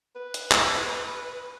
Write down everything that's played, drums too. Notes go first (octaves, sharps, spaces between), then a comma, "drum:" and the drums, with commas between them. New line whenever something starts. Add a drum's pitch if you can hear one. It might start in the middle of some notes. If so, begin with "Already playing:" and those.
B4
drum: hi-hat
drum: clap